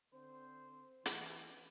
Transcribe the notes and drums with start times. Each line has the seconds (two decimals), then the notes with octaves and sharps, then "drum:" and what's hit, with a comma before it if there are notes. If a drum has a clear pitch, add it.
0.13 D3 C4 C5
1.06 E3, drum: hi-hat